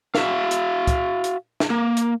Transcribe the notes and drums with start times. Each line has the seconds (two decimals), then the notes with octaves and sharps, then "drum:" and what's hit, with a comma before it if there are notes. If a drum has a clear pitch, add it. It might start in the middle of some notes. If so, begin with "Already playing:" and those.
0.15 F#4 E5 F5, drum: snare
0.51 drum: hi-hat
0.87 drum: kick, hi-hat
1.24 drum: hi-hat
1.60 drum: snare
1.70 A#3
1.97 drum: hi-hat